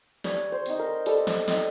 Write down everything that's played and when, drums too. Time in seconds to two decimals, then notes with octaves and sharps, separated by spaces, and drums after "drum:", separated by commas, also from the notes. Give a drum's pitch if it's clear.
0.24 G3 C#5, drum: snare
0.52 C5
0.66 C4 D#4, drum: hi-hat
0.79 A#4
1.06 G3 A4, drum: hi-hat
1.27 drum: snare
1.48 C4 D#4, drum: snare